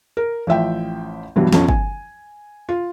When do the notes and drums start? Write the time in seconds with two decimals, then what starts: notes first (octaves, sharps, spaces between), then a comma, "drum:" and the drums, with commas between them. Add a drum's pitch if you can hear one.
0.17 A#4
0.47 A1 F3 E5 G5
1.36 G2 B2 E3 F#3 G3
1.53 B1 F2 C#4, drum: snare
1.69 G#5, drum: kick
2.69 F4